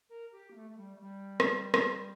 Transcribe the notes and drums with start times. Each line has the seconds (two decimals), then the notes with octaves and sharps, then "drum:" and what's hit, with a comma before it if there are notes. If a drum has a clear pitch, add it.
0.10 A#4
0.32 G4
0.51 A#3
0.55 A3
0.70 A3
0.77 G3
0.96 A3
1.00 G3
1.40 drum: rim click
1.74 drum: rim click